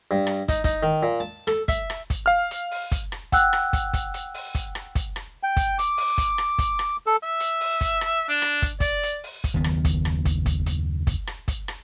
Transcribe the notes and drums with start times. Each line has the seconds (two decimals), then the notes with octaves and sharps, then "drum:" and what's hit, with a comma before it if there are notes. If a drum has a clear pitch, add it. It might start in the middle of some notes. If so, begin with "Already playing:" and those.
0.11 G2
0.27 drum: rim click
0.49 D#4, drum: kick, hi-hat
0.64 D#4, drum: kick, hi-hat
0.83 D#3
1.03 A#2
1.20 A5
1.47 A4, drum: rim click
1.68 E5, drum: kick, hi-hat
1.90 drum: rim click
2.10 drum: kick, hi-hat
2.26 F5 F6
2.51 drum: hi-hat
2.71 drum: open hi-hat
2.92 drum: kick, hi-hat
3.12 drum: rim click
3.32 F#5 G5 E6 F#6, drum: kick, hi-hat
3.53 drum: rim click
3.73 drum: kick, hi-hat
3.94 drum: kick, hi-hat
4.14 drum: hi-hat
4.34 drum: open hi-hat
4.55 drum: kick, hi-hat
4.75 drum: rim click
4.95 drum: kick, hi-hat
5.16 drum: rim click
5.43 G5
5.57 drum: kick, hi-hat
5.79 D6, drum: hi-hat
5.97 drum: open hi-hat
6.18 drum: kick, hi-hat
6.38 drum: rim click
6.59 drum: kick, hi-hat
6.79 drum: rim click
7.07 A4
7.23 E5
7.40 drum: hi-hat
7.60 drum: open hi-hat
7.81 drum: kick, hi-hat
8.01 drum: rim click
8.28 D4
8.42 drum: rim click
8.62 drum: kick, hi-hat
8.80 D5, drum: kick, hi-hat
9.03 drum: hi-hat
9.24 drum: open hi-hat
9.44 drum: kick, hi-hat
9.54 F#1 D#2 D#3 B3
9.64 drum: rim click
9.85 drum: kick, hi-hat
10.05 drum: rim click
10.25 drum: kick, hi-hat
10.46 drum: kick, hi-hat
10.66 drum: hi-hat
11.07 drum: kick, hi-hat
11.27 drum: rim click
11.48 drum: kick, hi-hat
11.68 drum: rim click